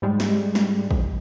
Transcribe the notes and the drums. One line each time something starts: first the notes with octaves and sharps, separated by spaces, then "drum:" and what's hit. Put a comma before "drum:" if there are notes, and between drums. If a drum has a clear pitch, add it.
G#2 G3 G#3
drum: snare
drum: snare
drum: kick